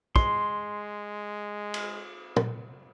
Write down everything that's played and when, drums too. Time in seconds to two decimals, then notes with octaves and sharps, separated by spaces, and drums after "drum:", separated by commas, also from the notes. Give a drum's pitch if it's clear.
0.16 G#3 C6, drum: kick
1.74 drum: cymbal
2.36 drum: tom